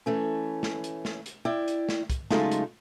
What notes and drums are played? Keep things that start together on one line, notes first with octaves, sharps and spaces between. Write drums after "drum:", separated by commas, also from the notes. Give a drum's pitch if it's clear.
E3 A3 C#4
drum: snare
drum: hi-hat
drum: snare
drum: hi-hat
E4 D5 G5
drum: hi-hat
drum: snare
drum: kick, hi-hat
C#3 F#3 G#3 A3 D#4 F4, drum: snare
drum: hi-hat